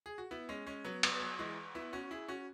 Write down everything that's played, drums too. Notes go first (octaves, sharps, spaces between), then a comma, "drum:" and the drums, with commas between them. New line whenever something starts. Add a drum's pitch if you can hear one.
G#4
F#4
B3 E4
G#3 C#4
G#3 C#4
F#3 B3
F#3 B3, drum: cymbal
F#3
E3 G#3
B3 E4
C#4 F#4
E4 G#4
C#4 F#4